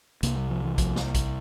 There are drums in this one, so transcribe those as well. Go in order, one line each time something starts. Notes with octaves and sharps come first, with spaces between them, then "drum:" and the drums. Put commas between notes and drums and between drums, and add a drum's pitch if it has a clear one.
C2 C3 A#3, drum: hi-hat
G3
F3
E3
F3, drum: kick A#1, hi-hat
drum: snare
drum: kick A#1, hi-hat